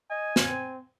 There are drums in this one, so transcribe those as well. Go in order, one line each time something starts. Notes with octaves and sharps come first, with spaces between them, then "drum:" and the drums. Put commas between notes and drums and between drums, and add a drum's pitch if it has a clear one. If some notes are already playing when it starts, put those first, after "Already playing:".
D#5 G#5
drum: snare
C4